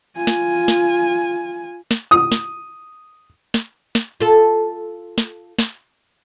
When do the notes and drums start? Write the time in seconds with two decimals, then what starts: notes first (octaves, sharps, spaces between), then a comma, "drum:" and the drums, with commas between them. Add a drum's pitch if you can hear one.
0.16 F4 G#5
0.27 drum: snare
0.68 drum: snare
1.91 drum: snare
2.11 D#6
2.32 drum: snare
3.54 drum: snare
3.95 drum: snare
4.20 F4 A4
5.18 drum: snare
5.59 drum: snare